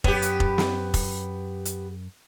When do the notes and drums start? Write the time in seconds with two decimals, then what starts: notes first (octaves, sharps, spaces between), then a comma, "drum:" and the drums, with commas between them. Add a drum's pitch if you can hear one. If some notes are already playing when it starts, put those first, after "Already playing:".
0.04 F#2 B3 G4 C#5, drum: kick F1
0.22 drum: hi-hat
0.40 drum: kick F1
0.58 drum: snare
0.94 drum: kick F1, open hi-hat
1.65 drum: hi-hat